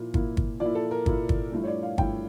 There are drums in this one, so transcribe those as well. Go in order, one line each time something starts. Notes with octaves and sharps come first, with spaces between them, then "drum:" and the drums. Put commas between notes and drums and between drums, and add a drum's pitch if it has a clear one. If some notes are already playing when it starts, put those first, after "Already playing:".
Already playing: A#2 F3 A#3 E4
A#2 F3 A#3 E4, drum: kick
drum: kick
A#2 F3 A#3 E4 D5
A4
A#4
A#2 F3 A#3 E4, drum: kick
drum: kick
G2 F3 A3 E4
C#5
D5
F5
G2 F3 A3 E4 G5, drum: kick